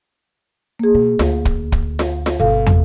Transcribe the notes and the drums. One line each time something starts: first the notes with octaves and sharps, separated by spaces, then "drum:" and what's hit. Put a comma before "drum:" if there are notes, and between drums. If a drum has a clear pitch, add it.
A#3 G#4
B2
D2, drum: snare F4
drum: kick
drum: kick
drum: snare F4
drum: snare F4
G1 B2 A4 F5
drum: tom